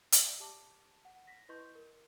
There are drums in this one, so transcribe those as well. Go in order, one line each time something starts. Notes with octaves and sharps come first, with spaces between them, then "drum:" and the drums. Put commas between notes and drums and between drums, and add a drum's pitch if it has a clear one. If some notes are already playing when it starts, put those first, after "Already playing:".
D5 E5, drum: hi-hat
G4 A5 D6
F#5
A#6 B6
E4 B4 D#5 C6 C#6 G6
A#4